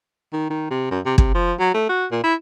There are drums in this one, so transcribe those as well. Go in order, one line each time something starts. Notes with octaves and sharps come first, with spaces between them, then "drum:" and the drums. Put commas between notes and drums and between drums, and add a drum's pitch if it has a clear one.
D#3
D#3
C3
F#2
C3
C3, drum: kick
F3
F#3
A3
F#4
A#2
E4